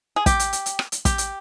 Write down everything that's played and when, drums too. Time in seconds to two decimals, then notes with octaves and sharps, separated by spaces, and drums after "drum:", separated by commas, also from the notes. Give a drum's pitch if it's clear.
0.16 G#4
0.26 G4, drum: kick, hi-hat
0.39 drum: hi-hat
0.53 drum: hi-hat
0.66 drum: hi-hat
0.79 drum: rim click
0.92 drum: hi-hat
1.05 G4, drum: kick, hi-hat
1.18 drum: hi-hat